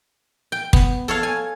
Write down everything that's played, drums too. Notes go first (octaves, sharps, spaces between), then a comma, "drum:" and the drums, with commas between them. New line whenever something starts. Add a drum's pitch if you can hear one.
G5
B3, drum: kick
A4 C#5 F5
G#5